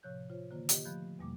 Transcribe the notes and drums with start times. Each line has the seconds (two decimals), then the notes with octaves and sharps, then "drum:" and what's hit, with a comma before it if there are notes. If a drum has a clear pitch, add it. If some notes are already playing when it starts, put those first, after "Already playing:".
0.03 A2 C3 F3 C#5 F#6 G6
0.30 F4 C5 C#5
0.51 D3 D#3 A#3 F4 C5
0.69 G4 D#5, drum: hi-hat
0.85 F3 A3 B5 F#6 G6
1.19 E2 B2 G3 A#3 D6